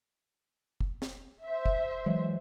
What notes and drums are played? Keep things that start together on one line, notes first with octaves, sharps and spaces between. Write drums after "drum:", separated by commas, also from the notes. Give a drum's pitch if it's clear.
drum: kick
drum: snare
C5 E5
drum: kick
E3 F#3 G#3